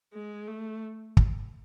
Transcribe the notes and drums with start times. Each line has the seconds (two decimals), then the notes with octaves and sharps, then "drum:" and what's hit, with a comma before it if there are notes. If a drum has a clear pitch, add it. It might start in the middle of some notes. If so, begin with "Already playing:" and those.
0.13 G#3
0.48 A3
1.17 drum: kick